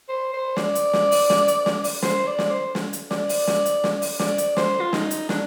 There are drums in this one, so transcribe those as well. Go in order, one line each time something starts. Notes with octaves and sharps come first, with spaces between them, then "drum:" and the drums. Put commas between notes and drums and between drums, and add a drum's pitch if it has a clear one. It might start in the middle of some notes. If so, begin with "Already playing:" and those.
C5
C5
D5, drum: snare
drum: hi-hat
drum: snare
drum: open hi-hat
drum: snare
drum: hi-hat
drum: snare
drum: open hi-hat
C5, drum: snare
D5
drum: snare
C5
drum: snare
drum: hi-hat
D5, drum: snare
drum: open hi-hat
drum: snare
drum: hi-hat
drum: snare
drum: open hi-hat
D5, drum: snare
drum: hi-hat
C5, drum: snare
F4
D#4, drum: snare
drum: hi-hat
D4, drum: snare